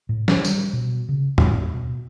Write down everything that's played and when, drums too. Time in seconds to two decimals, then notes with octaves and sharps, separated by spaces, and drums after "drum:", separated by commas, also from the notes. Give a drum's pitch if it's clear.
0.09 A2
0.28 D#3, drum: snare
0.45 G3, drum: tambourine
0.73 B2
1.09 C#3
1.38 A2, drum: tom
1.56 D#2
1.74 B2